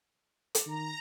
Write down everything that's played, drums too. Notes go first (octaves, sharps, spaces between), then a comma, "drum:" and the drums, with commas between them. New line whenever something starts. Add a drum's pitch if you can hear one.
drum: hi-hat
D#3 A#5